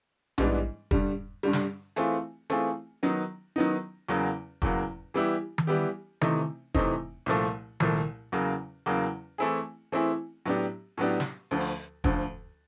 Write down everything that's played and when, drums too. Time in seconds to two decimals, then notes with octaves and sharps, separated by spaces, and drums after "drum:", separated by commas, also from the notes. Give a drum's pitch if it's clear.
0.38 G#2 E3 G3 B3 D4, drum: tom A#1
0.91 G2 D3 G3, drum: kick
1.43 G2 D3 G3
1.53 drum: snare
1.96 E3 A3 C4 F4 G#4, drum: hi-hat
2.50 E3 A3 C4 F4 G#4, drum: hi-hat
3.03 D#3 F#3 B3 D#4
3.56 D#3 F#3 B3 D#4
4.09 E2 C#3 F#3 A#3
4.62 E2 C#3 F#3 A#3, drum: kick
5.14 E3 G3 B3 E4 G4
5.58 drum: tom D#3
5.67 E3 G3 B3 E4 G4
6.21 C3 E3 A3 C4 D#4, drum: tom D#3
6.74 C3 E3 A3 C4 D#4, drum: kick
7.26 C2 A#2 F3 A3
7.80 C2 A#2 F3 A3, drum: tom D#3
8.32 E2 C#3 F#3 A#3
8.86 E2 C#3 F#3 A#3
9.38 E3 A3 C4 E4 G#4
9.92 E3 A3 C4 E4 G#4
10.45 A2 F#3 B3 D4 G4
10.97 A2 F#3 B3 D4 G4
11.20 drum: snare
11.51 D2 D3 F3
11.60 drum: open hi-hat
12.04 D2 D3 F3, drum: kick